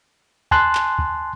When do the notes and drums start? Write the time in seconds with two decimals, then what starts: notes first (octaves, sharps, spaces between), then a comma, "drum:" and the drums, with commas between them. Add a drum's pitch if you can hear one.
0.51 G#5 A5 C6 F#6, drum: kick
0.75 drum: clap
0.99 drum: kick